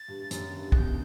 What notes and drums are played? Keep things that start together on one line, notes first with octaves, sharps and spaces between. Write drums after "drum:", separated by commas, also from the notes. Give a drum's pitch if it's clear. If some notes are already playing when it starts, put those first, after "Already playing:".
Already playing: A6
G2
G2
F#2, drum: hi-hat
G2
F#6, drum: kick
B2 G6